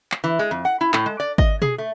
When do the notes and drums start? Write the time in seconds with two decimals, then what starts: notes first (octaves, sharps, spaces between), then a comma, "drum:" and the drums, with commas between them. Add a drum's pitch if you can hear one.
0.12 drum: clap
0.24 E3
0.39 G#3
0.51 F2
0.65 F#5
0.81 E4
0.94 A2, drum: clap
1.06 G#3
1.20 D5
1.38 D#5, drum: kick G#1
1.62 G#4, drum: tom B2
1.78 A3